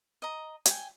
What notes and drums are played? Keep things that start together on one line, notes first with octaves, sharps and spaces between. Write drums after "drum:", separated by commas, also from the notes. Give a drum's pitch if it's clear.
D#5 A#5
G5 G#5, drum: hi-hat